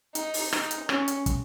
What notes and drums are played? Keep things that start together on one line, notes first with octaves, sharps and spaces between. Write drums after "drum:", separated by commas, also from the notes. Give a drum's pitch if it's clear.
D#4, drum: hi-hat
drum: open hi-hat
D#4, drum: rim click
drum: hi-hat
C#4, drum: rim click
drum: hi-hat
drum: kick, hi-hat